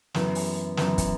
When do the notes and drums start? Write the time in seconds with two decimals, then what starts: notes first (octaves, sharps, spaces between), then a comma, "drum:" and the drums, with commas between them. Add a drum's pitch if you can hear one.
0.14 F#2 E3 B3, drum: snare
0.35 drum: open hi-hat
0.77 F#2 E3 B3, drum: snare
0.98 drum: kick, hi-hat